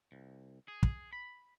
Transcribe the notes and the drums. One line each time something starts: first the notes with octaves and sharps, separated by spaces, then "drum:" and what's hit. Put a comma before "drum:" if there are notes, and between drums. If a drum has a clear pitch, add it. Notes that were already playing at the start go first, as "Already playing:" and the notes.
C2
G#4
drum: kick
B5